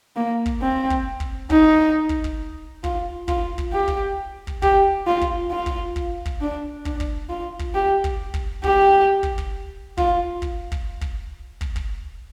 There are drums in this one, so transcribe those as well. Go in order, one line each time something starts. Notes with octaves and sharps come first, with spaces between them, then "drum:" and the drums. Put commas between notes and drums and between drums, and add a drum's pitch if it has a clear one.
A#3
drum: kick
C4
drum: kick
drum: kick
D#4, drum: kick
drum: kick
drum: kick
F4, drum: kick
F4, drum: kick
drum: kick
G4
drum: kick
drum: kick
G4, drum: kick
F4
drum: kick
F4
drum: kick
drum: kick
drum: kick
D4
D4, drum: kick
drum: kick
F4
drum: kick
G4
drum: kick
drum: kick
G4, drum: kick
drum: kick
drum: kick
F4, drum: kick
drum: kick
drum: kick
drum: kick
drum: kick
drum: kick